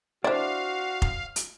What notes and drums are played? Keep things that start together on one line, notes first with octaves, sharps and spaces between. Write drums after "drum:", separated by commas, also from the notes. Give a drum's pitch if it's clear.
D4 E4 F#4 C5 D5 F5
drum: kick F1
drum: hi-hat